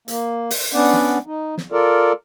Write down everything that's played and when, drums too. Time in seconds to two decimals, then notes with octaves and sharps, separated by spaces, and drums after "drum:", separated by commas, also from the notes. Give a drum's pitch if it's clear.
0.08 A#3, drum: hi-hat
0.51 drum: open hi-hat
0.74 B3 C#4 D4 D5 F#5
0.93 drum: snare
1.27 D#4
1.58 drum: snare
1.72 F4 A4 A#4 D5